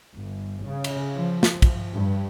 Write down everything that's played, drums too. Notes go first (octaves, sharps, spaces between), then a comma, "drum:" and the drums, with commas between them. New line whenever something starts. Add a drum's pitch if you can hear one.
G1
C#3
drum: cymbal
F3
drum: snare
drum: kick, cymbal
G2